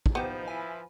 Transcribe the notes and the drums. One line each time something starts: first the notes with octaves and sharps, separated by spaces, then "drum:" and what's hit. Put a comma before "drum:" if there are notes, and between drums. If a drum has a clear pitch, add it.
drum: kick
F3 B3 D#4 G4 B4 C5
E4 G#5